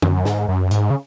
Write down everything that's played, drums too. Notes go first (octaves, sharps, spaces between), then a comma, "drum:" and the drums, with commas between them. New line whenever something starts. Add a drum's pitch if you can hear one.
F#2, drum: tom D3
G#2, drum: snare
F#2
G#2, drum: hi-hat
C#3